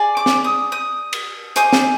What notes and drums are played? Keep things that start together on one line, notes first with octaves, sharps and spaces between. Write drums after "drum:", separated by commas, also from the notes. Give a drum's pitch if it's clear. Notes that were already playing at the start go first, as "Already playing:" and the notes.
Already playing: G#4 D5
D6
drum: snare
D#6
D#6
drum: cymbal
G#4 C5 D#5 D6, drum: hi-hat
drum: snare